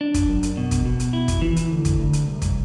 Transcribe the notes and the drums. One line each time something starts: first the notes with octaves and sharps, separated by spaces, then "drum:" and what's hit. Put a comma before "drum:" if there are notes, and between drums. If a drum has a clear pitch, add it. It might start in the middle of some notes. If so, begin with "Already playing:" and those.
D4
drum: kick, hi-hat
F#2
drum: hi-hat
B2
drum: kick, hi-hat
B2
drum: hi-hat
E4
drum: kick, hi-hat
E3
drum: hi-hat
D2
drum: kick, hi-hat
D2
drum: hi-hat
C2
drum: kick, hi-hat